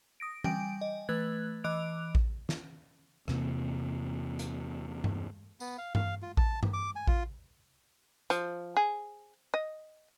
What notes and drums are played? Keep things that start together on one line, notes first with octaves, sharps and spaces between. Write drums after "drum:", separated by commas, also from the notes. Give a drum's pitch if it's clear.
D#6 A#6 D7
G3 G5 G#5 D7, drum: tom E3
D#5
E3 A3 B4 F#6 G#6
E3 D#5 D6 F#6 D7 F7
drum: kick A1
drum: snare
E2 C3 A#3, drum: rim click
drum: hi-hat
drum: tom G2
B3, drum: tambourine
F5
F5, drum: tom G2
F4
A5, drum: kick A1
drum: tom G2
D6
G#5
F4, drum: kick A1
F3, drum: hi-hat
G#4
D#5